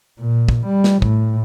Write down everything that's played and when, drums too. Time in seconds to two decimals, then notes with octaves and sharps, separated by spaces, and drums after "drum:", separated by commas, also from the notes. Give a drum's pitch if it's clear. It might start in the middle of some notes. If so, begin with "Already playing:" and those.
0.20 A#2
0.49 drum: kick
0.66 G3
0.84 drum: snare
1.02 A2, drum: kick